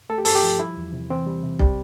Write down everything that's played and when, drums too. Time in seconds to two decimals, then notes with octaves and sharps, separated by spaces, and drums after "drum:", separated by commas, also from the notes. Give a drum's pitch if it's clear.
0.09 A3 A4
0.18 G4
0.25 G2 A4, drum: open hi-hat
0.35 G4
0.43 F3
0.59 G3 E4
0.77 E2
0.93 C3
1.10 E3 C4
1.26 G3
1.43 C3
1.59 G3, drum: kick B1